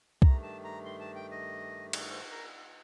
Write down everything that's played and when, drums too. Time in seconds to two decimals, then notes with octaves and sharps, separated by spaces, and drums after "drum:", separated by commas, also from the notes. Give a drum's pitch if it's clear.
0.22 G2 D#3 A3 A#5, drum: kick C2
0.43 A5
0.64 A#5
0.85 C6
1.01 A5
1.16 G5
1.31 D#5
1.93 drum: cymbal
2.09 C5
2.30 A#4